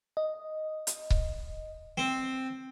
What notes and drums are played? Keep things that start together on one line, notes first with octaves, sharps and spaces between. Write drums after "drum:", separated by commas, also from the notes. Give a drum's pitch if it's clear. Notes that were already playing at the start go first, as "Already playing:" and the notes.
D#5
drum: hi-hat
drum: kick C#1
C4